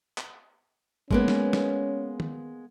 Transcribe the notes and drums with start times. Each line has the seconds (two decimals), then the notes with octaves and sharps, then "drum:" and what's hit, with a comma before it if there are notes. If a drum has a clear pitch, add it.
0.18 drum: clap
1.11 G#3 A#3 B3 C#4, drum: kick G#1
1.28 drum: snare
1.53 drum: snare
2.20 drum: tom D#3